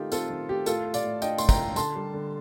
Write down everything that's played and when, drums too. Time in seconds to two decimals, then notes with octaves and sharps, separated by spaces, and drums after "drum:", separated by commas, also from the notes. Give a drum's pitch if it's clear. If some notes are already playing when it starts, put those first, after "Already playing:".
Already playing: D#3 A3 D#4 F4 G4
0.12 C4 F4 A4, drum: tambourine
0.30 D#3
0.48 A3 G4
0.66 A2 F4 A4, drum: tambourine
0.85 A3
0.94 D5 F5, drum: tambourine
1.04 A2
1.22 D4 D#5 G5, drum: tambourine
1.38 A2 C6, drum: tambourine
1.49 G5 A#5, drum: kick, tambourine
1.59 A3
1.76 D3 A5 C6, drum: tambourine
1.96 G3
2.14 D3